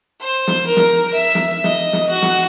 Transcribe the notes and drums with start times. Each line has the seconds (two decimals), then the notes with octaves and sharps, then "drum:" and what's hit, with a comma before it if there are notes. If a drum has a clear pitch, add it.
0.21 C5
0.47 drum: snare
0.67 A#4
0.77 drum: snare
1.13 E5
1.35 drum: snare
1.64 D#5, drum: snare
1.93 drum: snare
2.09 F#4
2.22 drum: snare